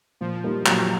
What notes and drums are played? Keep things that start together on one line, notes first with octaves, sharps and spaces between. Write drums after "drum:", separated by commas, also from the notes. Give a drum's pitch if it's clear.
A#2 F3
G3 A#3 D#4
A#2 F#3, drum: clap